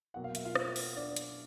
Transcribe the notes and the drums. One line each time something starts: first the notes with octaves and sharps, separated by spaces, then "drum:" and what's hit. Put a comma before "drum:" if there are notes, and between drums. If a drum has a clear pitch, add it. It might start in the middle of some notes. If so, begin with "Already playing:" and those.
B2 F#3 A#3 F#5
F5
E5, drum: hi-hat
F4 F5
drum: rim click
drum: open hi-hat
D4 D5
drum: hi-hat